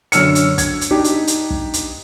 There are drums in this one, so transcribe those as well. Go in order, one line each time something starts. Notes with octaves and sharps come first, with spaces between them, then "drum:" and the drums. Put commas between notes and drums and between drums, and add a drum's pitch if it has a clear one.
F#2 D3 C#5 E6 F6 C#7, drum: hi-hat
drum: hi-hat
G#6, drum: kick, hi-hat
drum: hi-hat
D4 D#4 G4
drum: hi-hat
drum: hi-hat
drum: kick
drum: hi-hat